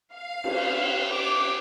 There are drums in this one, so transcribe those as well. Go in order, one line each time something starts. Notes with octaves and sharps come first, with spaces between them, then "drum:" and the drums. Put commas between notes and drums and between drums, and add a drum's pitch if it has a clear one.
F5
drum: cymbal
D6